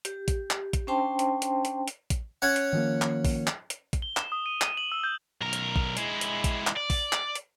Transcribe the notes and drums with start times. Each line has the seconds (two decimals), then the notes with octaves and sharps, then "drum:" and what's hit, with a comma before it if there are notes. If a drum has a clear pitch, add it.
0.05 G4, drum: hi-hat
0.28 drum: kick, hi-hat
0.51 drum: clap
0.73 drum: kick, hi-hat
0.87 C#4 D4 C5 G5 A5 C6
1.19 drum: hi-hat
1.42 drum: hi-hat
1.65 drum: hi-hat
1.88 drum: hi-hat
2.10 drum: kick, hi-hat
2.42 C#4 C#5 F#5
2.56 drum: hi-hat
2.73 D#3 F3 A#3
3.02 drum: clap
3.25 drum: kick, open hi-hat
3.47 drum: clap
3.70 drum: hi-hat
3.93 drum: kick, hi-hat
4.02 G7
4.17 E7, drum: clap
4.32 D#6
4.46 D#7
4.61 D#7, drum: clap
4.77 F#7
4.92 E6
5.04 G6
5.41 B1 A#4
5.53 drum: hi-hat
5.76 drum: kick
5.97 G#3 E4, drum: hi-hat
6.21 drum: hi-hat
6.44 drum: kick, hi-hat
6.67 drum: clap
6.77 D5
6.90 drum: kick, open hi-hat
7.13 drum: clap
7.35 drum: hi-hat